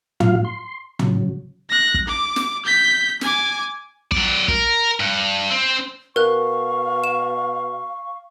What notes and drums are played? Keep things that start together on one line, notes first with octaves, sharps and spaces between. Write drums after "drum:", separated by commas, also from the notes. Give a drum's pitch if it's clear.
A2 F#3 F4 F5, drum: tom
C6
C#3 F#3, drum: tom
F#6 A#6
drum: kick
D6
drum: snare
G6 B6
G#5 D6, drum: snare
F#3 D5, drum: kick
A#4, drum: kick
G2
C4
B2 A#4 F5 C#6 F#6
E7